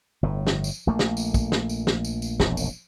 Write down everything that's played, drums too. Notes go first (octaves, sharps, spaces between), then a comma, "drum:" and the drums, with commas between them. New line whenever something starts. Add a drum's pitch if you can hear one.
G1 A2
drum: snare
drum: tambourine
A#1 A3 A#3
drum: snare
drum: tambourine
drum: kick, tambourine
drum: snare
drum: tambourine
drum: snare
drum: tambourine
drum: tambourine
E1 A#1 F#2, drum: snare
drum: tambourine